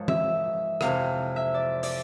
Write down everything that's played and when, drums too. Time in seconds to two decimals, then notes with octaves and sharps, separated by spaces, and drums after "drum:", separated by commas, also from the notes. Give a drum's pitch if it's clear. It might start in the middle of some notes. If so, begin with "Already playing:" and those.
Already playing: G#2 F3 A#4 C#5
0.08 E5, drum: tom E3
0.81 F2 C3 E3 F5, drum: rim click
1.36 E5
1.54 D5
1.83 D5, drum: open hi-hat